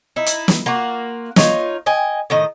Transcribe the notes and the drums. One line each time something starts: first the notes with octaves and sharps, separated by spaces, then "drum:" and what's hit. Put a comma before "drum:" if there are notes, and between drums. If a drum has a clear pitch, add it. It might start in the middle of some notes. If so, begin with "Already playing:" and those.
D#4 E4
drum: hi-hat
drum: snare
A#3 F4 F#4
D#4 F4 C#5, drum: snare
D#5 G5 G#5
A2 D#3 D#5